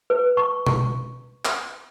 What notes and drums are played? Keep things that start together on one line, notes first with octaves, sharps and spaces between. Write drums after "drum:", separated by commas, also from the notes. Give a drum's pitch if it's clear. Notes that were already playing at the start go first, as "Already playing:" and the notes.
B4
C#6
C#6, drum: tom B2
drum: clap